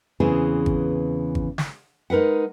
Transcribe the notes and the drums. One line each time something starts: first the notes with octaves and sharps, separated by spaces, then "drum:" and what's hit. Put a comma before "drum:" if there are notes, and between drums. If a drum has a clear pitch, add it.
E2 C#3 E3 B3 C4 G#4
drum: kick G#1
drum: kick G#1
drum: snare
G#3 D#4 A#4 B4 F#5